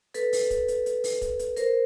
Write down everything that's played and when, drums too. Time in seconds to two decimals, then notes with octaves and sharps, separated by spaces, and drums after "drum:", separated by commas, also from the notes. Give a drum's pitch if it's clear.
0.14 A4 B4, drum: hi-hat
0.33 drum: open hi-hat
0.50 drum: kick, hi-hat
0.68 drum: hi-hat
0.86 drum: hi-hat
1.04 drum: open hi-hat
1.22 drum: kick, hi-hat
1.39 drum: hi-hat
1.57 A#4 C5, drum: hi-hat